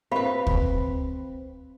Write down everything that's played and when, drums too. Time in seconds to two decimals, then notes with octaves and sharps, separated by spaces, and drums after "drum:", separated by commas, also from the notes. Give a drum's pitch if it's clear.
0.11 C4 G4 B4 F5 B5
0.47 drum: kick